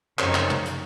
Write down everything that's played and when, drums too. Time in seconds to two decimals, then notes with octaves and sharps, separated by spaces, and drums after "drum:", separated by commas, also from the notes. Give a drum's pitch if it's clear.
0.19 F#2 C#3 F3 C4 D#4 C#5, drum: clap
0.35 drum: clap
0.50 drum: tom
0.65 drum: hi-hat